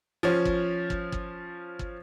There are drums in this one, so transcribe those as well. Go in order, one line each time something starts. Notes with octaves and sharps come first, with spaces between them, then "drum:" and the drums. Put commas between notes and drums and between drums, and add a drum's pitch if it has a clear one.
F3 C#4
drum: kick
drum: kick
drum: kick
drum: kick